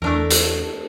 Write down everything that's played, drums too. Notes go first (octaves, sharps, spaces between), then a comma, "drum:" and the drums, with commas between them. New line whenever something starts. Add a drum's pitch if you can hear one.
E2 A3 D4 A#4
drum: hi-hat